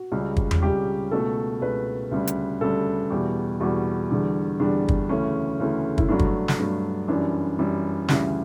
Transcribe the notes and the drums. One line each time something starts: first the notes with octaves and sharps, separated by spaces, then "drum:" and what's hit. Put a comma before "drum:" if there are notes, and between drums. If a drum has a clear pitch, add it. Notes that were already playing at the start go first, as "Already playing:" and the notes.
Already playing: F#4
C#2 C#3 G3
drum: kick
drum: tom E2
C#2 C#3 G3 G4
C#2 B2 A3 A4
C#2 B2 A3 B4
D2 C#3 G3
drum: hi-hat
D2 C#3 G3 A4
E2 B2 G3 G4
E2 B2 G3 F#4
E2 D3 G3
E2 D3 G3 D4
drum: kick
D2 C#3 E3 A3 C#4
D2 C#3 E3 A3
E4, drum: kick
G2 F#3 A3 D4
drum: kick
drum: snare
G2 F#3 A3
F#2 E3 G3 D4
F#2 E3 G3
D2 C#3 E3 G3, drum: snare